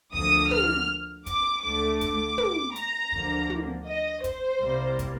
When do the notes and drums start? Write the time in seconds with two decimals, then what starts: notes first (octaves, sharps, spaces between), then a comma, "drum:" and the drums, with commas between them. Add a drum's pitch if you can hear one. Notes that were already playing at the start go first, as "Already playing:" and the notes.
0.14 D2 D3 F3 A#3 D#6, drum: kick
0.51 F6, drum: tom
1.26 D6, drum: kick, hi-hat
1.63 D2 D3 A3 D6
2.01 D6, drum: kick, hi-hat
2.38 drum: tom
2.76 A#5, drum: hi-hat
3.12 D2 D3 F3 A#3, drum: kick
3.50 drum: tom
3.87 D#5
4.24 C5, drum: kick, hi-hat
4.62 C2 C3 G3 A#3
4.99 drum: kick, hi-hat